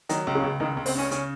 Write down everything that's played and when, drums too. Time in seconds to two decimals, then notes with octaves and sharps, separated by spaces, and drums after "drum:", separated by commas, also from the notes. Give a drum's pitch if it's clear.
0.09 D#3 F#3, drum: hi-hat
0.27 C#2
0.35 C#3
0.44 C#2
0.60 C#2 D#3
0.77 C#2
0.86 C4, drum: open hi-hat
0.95 C#3 C#4
1.11 C#3 C#4, drum: hi-hat